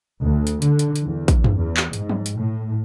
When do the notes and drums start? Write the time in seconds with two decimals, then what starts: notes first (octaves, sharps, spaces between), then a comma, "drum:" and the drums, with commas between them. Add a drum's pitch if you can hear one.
0.22 D2
0.47 drum: hi-hat
0.62 D3, drum: hi-hat
0.79 drum: hi-hat
0.96 drum: hi-hat
1.05 E2
1.28 drum: kick A1, hi-hat
1.44 drum: tom F#2
1.57 E2
1.77 drum: clap
1.93 G#2, drum: hi-hat
2.09 drum: tom F3
2.26 drum: hi-hat
2.35 A2